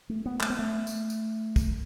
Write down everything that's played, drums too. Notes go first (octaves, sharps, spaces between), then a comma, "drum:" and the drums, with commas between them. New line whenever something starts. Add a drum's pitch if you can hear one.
A3
B3
A3, drum: clap
B3
A3
drum: tambourine
drum: tambourine
drum: kick, tambourine